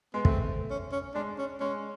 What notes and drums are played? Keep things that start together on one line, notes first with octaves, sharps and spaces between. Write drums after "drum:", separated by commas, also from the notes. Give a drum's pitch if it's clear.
G#3 B3
A3 C4, drum: kick
C#4
C#4
G#3 D4
C#4
G#3 C#4